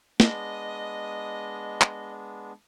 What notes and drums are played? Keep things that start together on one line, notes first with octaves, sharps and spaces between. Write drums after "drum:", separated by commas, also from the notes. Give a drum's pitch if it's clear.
G#3 B3 D4 D#5, drum: snare
drum: clap